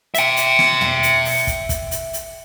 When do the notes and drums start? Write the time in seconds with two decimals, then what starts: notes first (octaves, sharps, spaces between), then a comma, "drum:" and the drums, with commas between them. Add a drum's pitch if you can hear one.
0.15 E5 G5, drum: hi-hat
0.37 drum: hi-hat
0.59 drum: snare
0.81 drum: tom
1.03 drum: hi-hat
1.25 drum: open hi-hat
1.47 drum: kick, hi-hat
1.69 drum: kick, hi-hat
1.91 drum: hi-hat
2.13 drum: hi-hat